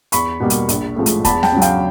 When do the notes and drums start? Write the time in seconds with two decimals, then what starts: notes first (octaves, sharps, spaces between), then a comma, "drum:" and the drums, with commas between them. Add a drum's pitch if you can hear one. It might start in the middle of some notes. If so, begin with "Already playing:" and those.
0.12 E2 B5 C#6, drum: hi-hat
0.40 B2 G3 A#3
0.50 drum: hi-hat
0.69 A#1, drum: hi-hat
0.96 A2 F3 G#3
1.06 drum: hi-hat
1.25 E2 A5 B5, drum: kick F1, hi-hat
1.43 G5 A5, drum: snare
1.52 C#3 F#3
1.62 F5 G5, drum: hi-hat